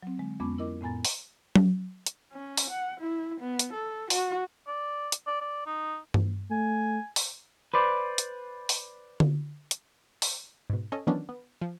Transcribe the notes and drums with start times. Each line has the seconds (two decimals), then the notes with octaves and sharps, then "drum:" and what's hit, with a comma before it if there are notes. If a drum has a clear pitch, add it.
0.03 F#3 C4
0.18 D3 G#3
0.40 F2 G#3 B3 C#4 D6
0.58 E4 A#4 D#5 D6
0.81 F2 A2 B3 G#5 A#5 A6
1.05 drum: open hi-hat
1.56 drum: tom F#3
2.06 drum: hi-hat
2.32 C#4
2.57 drum: open hi-hat
2.70 F#5
3.00 E4
3.40 B3
3.59 drum: hi-hat
3.73 A4
4.10 F#4, drum: open hi-hat
4.67 D5
5.12 drum: hi-hat
5.27 D5
5.41 D5
5.67 D#4
6.14 drum: tom G2
6.51 A3 G#5
7.16 drum: open hi-hat
7.74 B4 C5 D5
8.18 drum: hi-hat
8.69 drum: open hi-hat
9.20 drum: tom D3
9.71 drum: hi-hat
10.22 drum: open hi-hat
10.70 G#2 B2
10.92 C#4 A4 D#5
11.07 D#3 E3 F#3 B3 C#4 D4
11.29 B3
11.61 F3